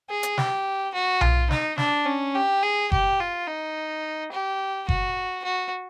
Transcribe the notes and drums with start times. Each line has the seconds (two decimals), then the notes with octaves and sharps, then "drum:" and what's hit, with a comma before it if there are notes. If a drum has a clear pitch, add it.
0.09 G#4
0.23 drum: hi-hat
0.38 G4, drum: snare
0.94 F#4
1.21 F4, drum: tom B1
1.51 D#4, drum: snare
1.78 D4, drum: snare
2.06 C#4
2.35 G4
2.63 G#4
2.92 G4, drum: kick F#1
3.20 F4
3.47 D#4
4.32 G4
4.89 F#4, drum: kick F#1
5.44 F#4